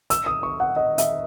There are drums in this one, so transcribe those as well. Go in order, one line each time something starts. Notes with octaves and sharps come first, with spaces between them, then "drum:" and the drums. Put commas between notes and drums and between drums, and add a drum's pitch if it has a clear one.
E6, drum: hi-hat
D#6
C#6
F#5
D#5
E5, drum: hi-hat